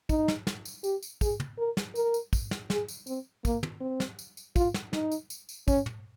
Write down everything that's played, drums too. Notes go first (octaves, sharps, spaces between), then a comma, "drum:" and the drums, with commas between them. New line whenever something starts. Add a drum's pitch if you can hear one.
D#4, drum: kick, tambourine
drum: snare
drum: snare
drum: tambourine
G4, drum: tambourine
drum: tambourine
G#4, drum: kick, tambourine
drum: tom
A#4
drum: snare
A#4, drum: tambourine
drum: tambourine
drum: kick, tambourine
drum: snare
G#4, drum: snare
drum: tambourine
C4, drum: tambourine
A#3, drum: kick, tambourine
drum: tom
C4
drum: snare
drum: tambourine
drum: tambourine
F4, drum: kick, tambourine
drum: snare
D#4, drum: snare
drum: tambourine
drum: tambourine
drum: tambourine
C#4, drum: kick, tambourine
drum: tom